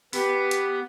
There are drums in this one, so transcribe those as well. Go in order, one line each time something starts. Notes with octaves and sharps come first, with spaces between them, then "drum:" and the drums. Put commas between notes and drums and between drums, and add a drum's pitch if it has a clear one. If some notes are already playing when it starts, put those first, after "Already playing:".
B3 G4 B4, drum: open hi-hat
drum: hi-hat